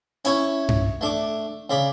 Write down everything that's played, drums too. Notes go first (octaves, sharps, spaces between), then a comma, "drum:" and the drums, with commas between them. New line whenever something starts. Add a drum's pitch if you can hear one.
C#4 E4 C#5, drum: hi-hat
drum: tom G2
A3 D4 D6
C#3 D5 B5